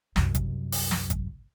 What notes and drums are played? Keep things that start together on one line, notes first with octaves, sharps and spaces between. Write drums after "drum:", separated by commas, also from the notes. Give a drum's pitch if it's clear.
C2 F#2, drum: snare
drum: kick, hi-hat
drum: open hi-hat
drum: snare
drum: kick, hi-hat